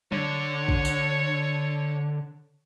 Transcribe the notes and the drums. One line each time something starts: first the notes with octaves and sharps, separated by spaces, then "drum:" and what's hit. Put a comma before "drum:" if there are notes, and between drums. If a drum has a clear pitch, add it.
D3 C#5, drum: tom F#3
drum: kick
drum: tambourine